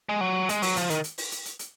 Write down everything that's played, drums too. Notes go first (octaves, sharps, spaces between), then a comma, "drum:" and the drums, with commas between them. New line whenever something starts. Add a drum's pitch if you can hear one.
G#3
F#3
G#3, drum: hi-hat
F#3, drum: open hi-hat
F3, drum: hi-hat
D#3, drum: hi-hat
drum: hi-hat
drum: open hi-hat
drum: hi-hat
drum: hi-hat
drum: hi-hat